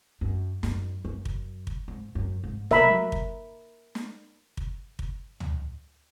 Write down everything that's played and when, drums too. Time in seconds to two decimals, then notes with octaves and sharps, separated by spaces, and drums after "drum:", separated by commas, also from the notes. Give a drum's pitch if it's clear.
0.21 F#2
0.63 F#2, drum: snare
1.05 F#2
1.25 drum: kick
1.67 drum: kick
1.88 G#2
2.15 F#2
2.44 G#2
2.71 B2 A#4 E5 B5, drum: snare
2.86 G#3
2.91 F#3
3.12 drum: kick
3.95 drum: snare
4.57 drum: kick
4.99 drum: kick
5.40 drum: tom